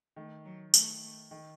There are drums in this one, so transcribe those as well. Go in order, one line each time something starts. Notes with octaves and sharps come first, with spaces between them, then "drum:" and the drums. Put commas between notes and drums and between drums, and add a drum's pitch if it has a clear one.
D#3 A3
F#3
A3, drum: tambourine
D#3